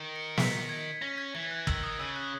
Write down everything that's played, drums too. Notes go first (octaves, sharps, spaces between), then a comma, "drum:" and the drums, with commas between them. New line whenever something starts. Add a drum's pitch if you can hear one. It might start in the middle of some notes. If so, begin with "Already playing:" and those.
Already playing: D#3
C#7
B6, drum: snare
G#6
C#4 A#6
G#6
E3 G#6
F#6
D#3 E6, drum: kick
D#6
C#3 E6
F#6